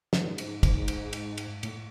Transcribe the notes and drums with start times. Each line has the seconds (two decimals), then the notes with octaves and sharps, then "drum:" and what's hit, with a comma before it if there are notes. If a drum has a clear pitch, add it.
0.13 G#2, drum: snare
0.38 drum: cymbal
0.63 drum: kick, cymbal
0.88 drum: cymbal
1.13 drum: cymbal
1.38 drum: cymbal
1.63 A2, drum: cymbal